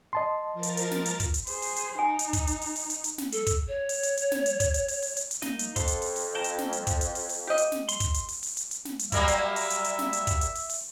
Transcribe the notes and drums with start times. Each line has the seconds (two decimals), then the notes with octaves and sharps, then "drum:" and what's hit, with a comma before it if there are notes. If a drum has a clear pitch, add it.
0.13 D#5 A5 C6
0.53 F3 A#4 A6
0.63 drum: hi-hat
0.77 drum: hi-hat
0.91 drum: snare
1.06 drum: hi-hat
1.20 drum: kick, hi-hat
1.34 drum: hi-hat
1.47 G#4 C5, drum: open hi-hat
1.62 drum: open hi-hat
1.76 drum: hi-hat
1.99 D#4 G#5
2.19 drum: hi-hat
2.33 drum: kick, hi-hat
2.47 drum: hi-hat
2.61 drum: open hi-hat
2.76 drum: open hi-hat
2.90 drum: hi-hat
3.04 drum: hi-hat
3.18 drum: snare
3.32 A4, drum: hi-hat
3.47 drum: kick, hi-hat
3.68 C#5
3.89 drum: open hi-hat
4.03 drum: hi-hat
4.17 drum: hi-hat
4.32 drum: snare
4.46 drum: hi-hat
4.60 drum: kick, hi-hat
4.74 drum: hi-hat
4.88 drum: open hi-hat
5.02 drum: open hi-hat
5.17 drum: hi-hat
5.31 drum: hi-hat
5.42 A#3 D#4 D#5, drum: snare
5.59 drum: hi-hat
5.76 F2 A4 C6, drum: kick, hi-hat
5.87 drum: hi-hat
6.02 drum: open hi-hat
6.16 drum: open hi-hat
6.35 G5 A5 A#5
6.44 drum: hi-hat
6.58 drum: snare
6.73 drum: hi-hat
6.87 drum: kick, hi-hat
7.01 drum: hi-hat
7.15 drum: open hi-hat
7.29 drum: open hi-hat
7.47 G4 D#5
7.58 drum: hi-hat
7.72 drum: snare
7.89 C6, drum: hi-hat
8.00 drum: kick, hi-hat
8.14 drum: hi-hat
8.28 drum: open hi-hat
8.43 drum: open hi-hat
8.57 drum: hi-hat
8.71 drum: hi-hat
8.85 drum: snare
8.99 drum: hi-hat
9.12 F#3 G3 A#3 E5, drum: kick, hi-hat
9.28 drum: hi-hat
9.56 drum: open hi-hat
9.70 drum: hi-hat
9.84 drum: hi-hat
9.99 drum: snare
10.13 drum: hi-hat
10.27 drum: kick, hi-hat
10.41 drum: hi-hat
10.55 drum: open hi-hat
10.69 drum: open hi-hat